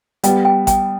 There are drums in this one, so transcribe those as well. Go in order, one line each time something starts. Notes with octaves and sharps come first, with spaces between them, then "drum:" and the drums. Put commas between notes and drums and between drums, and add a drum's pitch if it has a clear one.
G3 B3 G5, drum: hi-hat
G5
G5, drum: kick A1, hi-hat